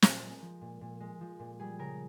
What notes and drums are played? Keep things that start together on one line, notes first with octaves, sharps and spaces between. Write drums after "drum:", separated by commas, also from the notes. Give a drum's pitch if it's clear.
A#2 A#4, drum: snare
G#3
F3
A#2
A#2
G#3
F3
A#2
G3 G#4
C#3 A#4